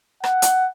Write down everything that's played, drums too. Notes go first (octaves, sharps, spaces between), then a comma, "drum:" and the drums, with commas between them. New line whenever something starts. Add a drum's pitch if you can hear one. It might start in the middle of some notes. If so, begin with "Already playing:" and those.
F#5, drum: rim click
drum: hi-hat